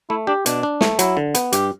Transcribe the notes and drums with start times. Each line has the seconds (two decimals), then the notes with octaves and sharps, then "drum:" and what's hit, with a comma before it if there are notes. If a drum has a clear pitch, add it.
0.10 A3 E4
0.27 D4 G4
0.46 B2 D4, drum: hi-hat
0.63 D4
0.81 A3, drum: snare
0.99 F#3 E4, drum: hi-hat
1.17 D3
1.35 B3, drum: hi-hat
1.53 G2 G4, drum: hi-hat